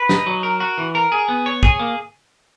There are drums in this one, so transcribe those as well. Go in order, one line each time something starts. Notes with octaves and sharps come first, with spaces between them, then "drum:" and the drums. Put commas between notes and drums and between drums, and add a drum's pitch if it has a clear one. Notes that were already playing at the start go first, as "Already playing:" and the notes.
Already playing: B4
D#4, drum: snare
F#3
A#4
F#4
E3
A#4
G#4
B3
C#5
G#4, drum: kick
A#3